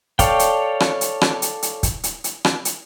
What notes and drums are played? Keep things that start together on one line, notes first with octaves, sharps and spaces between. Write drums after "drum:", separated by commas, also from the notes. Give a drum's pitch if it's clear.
A4 C#5 D5 F5 G5, drum: kick, hi-hat
drum: hi-hat
drum: rim click
drum: hi-hat
drum: rim click
drum: hi-hat
drum: hi-hat
drum: kick, hi-hat
drum: hi-hat
drum: hi-hat
drum: rim click
drum: hi-hat